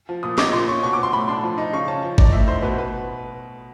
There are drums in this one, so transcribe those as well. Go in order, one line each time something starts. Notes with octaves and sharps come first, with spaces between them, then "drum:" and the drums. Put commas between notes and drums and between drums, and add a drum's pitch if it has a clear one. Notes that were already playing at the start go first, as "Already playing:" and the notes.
F3
A#2 D#6
D#4 D6, drum: snare
A#2 C6
C#4 C#6
B2 C#6
D6
B2 C6
A2 B5
D4 C6
F3
D#4
C#3 C#6
C#4 A5
F3
D#4 D5, drum: kick
A2 E5
D#4 C5
B2 B4
B2 B4